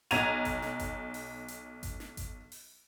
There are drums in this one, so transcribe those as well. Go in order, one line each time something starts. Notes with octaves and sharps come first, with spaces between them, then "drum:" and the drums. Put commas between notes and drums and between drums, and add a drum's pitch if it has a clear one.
B1 A#5 G#6 D#7 F7, drum: hi-hat
drum: kick G#1, hi-hat
drum: snare
drum: kick G#1, hi-hat
drum: open hi-hat
drum: hi-hat
drum: kick G#1, hi-hat
drum: snare
drum: kick G#1, hi-hat
drum: open hi-hat